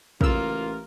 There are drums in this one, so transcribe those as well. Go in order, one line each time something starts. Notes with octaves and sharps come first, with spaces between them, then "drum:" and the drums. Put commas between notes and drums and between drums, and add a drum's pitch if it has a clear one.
A1 C#3 A#3 F4 A#4 E6, drum: kick